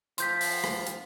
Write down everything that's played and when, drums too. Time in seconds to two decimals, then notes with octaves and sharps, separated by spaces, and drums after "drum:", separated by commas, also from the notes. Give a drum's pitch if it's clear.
0.18 F3 C6 G6 B6, drum: hi-hat
0.41 drum: open hi-hat
0.64 drum: rim click
0.87 drum: hi-hat